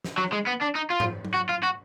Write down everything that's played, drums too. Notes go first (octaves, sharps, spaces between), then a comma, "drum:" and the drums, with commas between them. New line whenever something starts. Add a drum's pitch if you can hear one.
drum: snare
F#3
G#3
B3
D4
D#4
F4
drum: tom G#2
drum: tom
F#4
F4
F#4